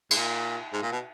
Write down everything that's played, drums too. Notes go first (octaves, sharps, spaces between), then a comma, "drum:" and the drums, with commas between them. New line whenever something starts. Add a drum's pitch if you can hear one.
G#2, drum: cymbal
A#2
G#2
A#2
B2